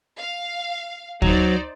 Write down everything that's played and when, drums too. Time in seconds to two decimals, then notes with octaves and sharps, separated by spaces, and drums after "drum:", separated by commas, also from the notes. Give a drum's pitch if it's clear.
0.18 F5
1.22 F#3 D#4 C5 D5, drum: kick